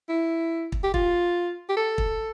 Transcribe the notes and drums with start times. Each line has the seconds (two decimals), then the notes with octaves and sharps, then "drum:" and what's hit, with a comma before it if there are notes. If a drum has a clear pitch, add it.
0.09 E4
0.72 drum: kick
0.83 G4
0.94 F4, drum: kick
1.69 G4
1.77 A4
1.98 drum: kick